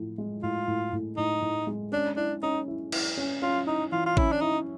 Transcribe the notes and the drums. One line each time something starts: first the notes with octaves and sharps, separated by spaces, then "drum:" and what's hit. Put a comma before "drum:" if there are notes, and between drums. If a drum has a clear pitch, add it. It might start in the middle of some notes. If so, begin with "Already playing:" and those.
Already playing: A2 F3
G#3
A2 F4
A2
A2
A2 D#4
A2
G#3
C#4 D4
D4 E4
C#4 D#4
E4
E4, drum: cymbal
C#4
C#4 F4
D#4 E4
E3 F4
F4
C#4 E4, drum: kick A1
D4
D#4 E4